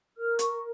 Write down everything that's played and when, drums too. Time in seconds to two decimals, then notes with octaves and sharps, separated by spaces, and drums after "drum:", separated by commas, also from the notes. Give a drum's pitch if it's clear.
0.17 A#4 F6
0.39 C#6, drum: hi-hat